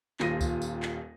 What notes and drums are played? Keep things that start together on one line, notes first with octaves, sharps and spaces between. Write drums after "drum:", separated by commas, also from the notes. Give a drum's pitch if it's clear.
D#1 D#2 F4 A#6 D#7, drum: clap
drum: kick C#2, tambourine
drum: tambourine
drum: clap